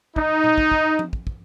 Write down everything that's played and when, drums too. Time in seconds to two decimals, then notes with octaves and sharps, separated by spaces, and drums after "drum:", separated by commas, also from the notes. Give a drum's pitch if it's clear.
0.16 D#4, drum: kick
0.44 drum: tom A#2
0.58 drum: kick
0.72 drum: kick
0.99 drum: tom F3
1.13 drum: kick
1.27 drum: kick